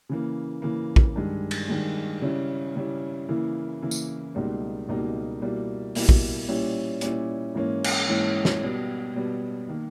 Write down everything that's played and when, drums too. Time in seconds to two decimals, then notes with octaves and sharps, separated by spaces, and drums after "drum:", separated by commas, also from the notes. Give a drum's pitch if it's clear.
0.09 C#3 E3 A#3
0.62 C#3 E3 A#3
0.96 drum: kick A#1
1.16 G2 D#3 G#3
1.51 drum: cymbal
1.69 G2 D#3 G#3
2.22 C#3 G3 C#4 E4
2.76 C#3 G3 C#4 E4
3.29 C#3 E3 A#3 E4
3.82 C#3 E3 A#3 E4
3.91 drum: tambourine
4.35 C#2 B2 G3 A#3 D#4
4.88 C#2 B2 G3 A#3 D#4
5.42 B2 G3 A#3 E4
5.95 B2 G3 A#3 E4, drum: open hi-hat
6.09 drum: kick A#1
6.48 A#2 G3 C#4 E4
7.01 A#2 G3 C#4 E4, drum: hi-hat
7.55 G#2 E3 A#3 C#4 E4
7.84 drum: cymbal
8.08 G#2 E3 A#3 C#4 E4
8.45 drum: snare
8.61 B2 G3 B3
9.14 B2 G3 B3
9.68 D#3 A#3